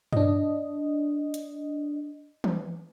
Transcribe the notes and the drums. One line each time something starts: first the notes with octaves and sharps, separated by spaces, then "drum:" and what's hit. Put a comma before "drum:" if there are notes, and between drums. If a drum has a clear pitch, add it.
D4 D#5, drum: tom G2
drum: hi-hat
drum: tom E3